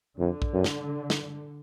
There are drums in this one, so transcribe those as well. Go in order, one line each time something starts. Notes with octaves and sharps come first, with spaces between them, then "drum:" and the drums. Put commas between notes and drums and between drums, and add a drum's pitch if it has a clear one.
F2 D3
drum: kick A#1
F#2
drum: snare
drum: snare